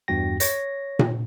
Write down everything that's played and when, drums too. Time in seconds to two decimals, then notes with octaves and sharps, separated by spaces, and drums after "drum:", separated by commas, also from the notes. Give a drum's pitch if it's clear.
0.08 E2 G2 F#4 G5 A#6
0.40 C#5 A#6, drum: hi-hat
0.99 drum: tom A#2